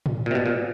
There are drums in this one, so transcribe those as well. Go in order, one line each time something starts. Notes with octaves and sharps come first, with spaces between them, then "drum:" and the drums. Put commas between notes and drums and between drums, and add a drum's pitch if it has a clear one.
drum: tom
A#2
C3
B2
A#2